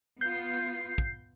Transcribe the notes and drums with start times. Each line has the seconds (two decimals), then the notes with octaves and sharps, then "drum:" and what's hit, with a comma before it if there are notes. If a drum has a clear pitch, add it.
0.21 B3 F4 G6 C7
0.98 drum: kick